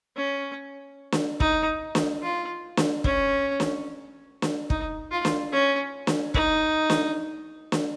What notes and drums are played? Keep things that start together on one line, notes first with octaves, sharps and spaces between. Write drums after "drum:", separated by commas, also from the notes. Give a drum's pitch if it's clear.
C#4
drum: snare
D#4, drum: kick
drum: snare
F4
drum: snare
C#4, drum: kick
drum: snare
drum: snare
D#4, drum: kick
F4
drum: snare
C#4
drum: snare
D#4, drum: kick
drum: snare
drum: snare